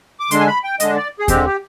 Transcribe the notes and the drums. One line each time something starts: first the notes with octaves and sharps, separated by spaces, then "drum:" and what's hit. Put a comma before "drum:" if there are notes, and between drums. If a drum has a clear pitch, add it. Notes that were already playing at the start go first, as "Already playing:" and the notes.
D6
D3 G#3 D4 C6, drum: hi-hat
G#5
B5
G5
D3 G#3 D4 D#5, drum: hi-hat
D5
G#4
D3 G#3 C4 G4, drum: kick D#2, hi-hat
G4